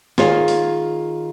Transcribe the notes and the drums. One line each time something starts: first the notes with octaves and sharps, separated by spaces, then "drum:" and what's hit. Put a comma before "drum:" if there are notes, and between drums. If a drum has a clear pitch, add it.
D#3 F4 G#4 C#5 F5, drum: snare
drum: open hi-hat